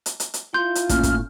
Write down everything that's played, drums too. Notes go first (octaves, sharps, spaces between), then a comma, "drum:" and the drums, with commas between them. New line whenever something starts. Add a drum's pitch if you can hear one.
drum: hi-hat
drum: hi-hat
drum: hi-hat
E4 F4 C6 G6
drum: hi-hat
A2 A#3 C#4 F6, drum: kick, hi-hat
drum: kick, hi-hat